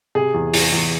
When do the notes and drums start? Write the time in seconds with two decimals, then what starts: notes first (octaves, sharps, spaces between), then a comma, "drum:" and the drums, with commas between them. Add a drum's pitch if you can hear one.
0.15 C3 G#4
0.34 E2
0.54 E2, drum: open hi-hat
0.72 E2